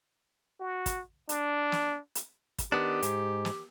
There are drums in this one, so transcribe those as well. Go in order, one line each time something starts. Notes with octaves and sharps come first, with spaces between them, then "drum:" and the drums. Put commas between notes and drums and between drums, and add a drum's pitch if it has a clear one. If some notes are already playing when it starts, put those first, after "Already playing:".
F#4
drum: kick, hi-hat
D4, drum: hi-hat
drum: snare
drum: hi-hat
drum: kick, hi-hat
D#3 B3 D4 G4
G#2, drum: hi-hat
drum: snare